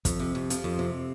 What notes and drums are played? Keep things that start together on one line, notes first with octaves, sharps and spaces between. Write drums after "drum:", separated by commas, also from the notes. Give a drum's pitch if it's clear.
F2, drum: kick, hi-hat
C3
F2
F3, drum: hi-hat
F2
C3